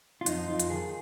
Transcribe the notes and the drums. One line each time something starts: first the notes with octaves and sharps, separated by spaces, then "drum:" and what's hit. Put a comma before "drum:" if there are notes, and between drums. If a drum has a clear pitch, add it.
F4
F2 D#4, drum: hi-hat
F2 F4
drum: hi-hat
D#3 G#4